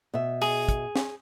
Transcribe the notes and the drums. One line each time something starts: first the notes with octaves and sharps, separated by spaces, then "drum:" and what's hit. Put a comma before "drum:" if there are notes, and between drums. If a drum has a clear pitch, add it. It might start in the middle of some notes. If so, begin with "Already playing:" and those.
B2 E5
G#4, drum: open hi-hat
drum: kick, hi-hat
drum: snare